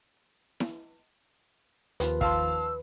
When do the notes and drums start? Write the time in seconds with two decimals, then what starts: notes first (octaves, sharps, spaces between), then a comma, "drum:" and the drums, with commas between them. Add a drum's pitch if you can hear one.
0.60 drum: snare E4
2.00 D#2 F3 B4, drum: hi-hat
2.21 F5 A5 C6 E6, drum: kick